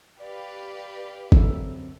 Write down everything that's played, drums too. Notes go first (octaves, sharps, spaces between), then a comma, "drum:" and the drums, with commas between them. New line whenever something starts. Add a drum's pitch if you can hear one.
G4 B4 D5 F5
F#2 D3 C4 A4, drum: kick G#1